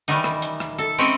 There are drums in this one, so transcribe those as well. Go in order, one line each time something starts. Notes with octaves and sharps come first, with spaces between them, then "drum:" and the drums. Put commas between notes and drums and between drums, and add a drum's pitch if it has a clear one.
D#3 E3 G3 D#4, drum: hi-hat
drum: rim click
drum: hi-hat
drum: rim click
A4, drum: hi-hat
G#3 C4 C#4 E4 C#5 G5, drum: open hi-hat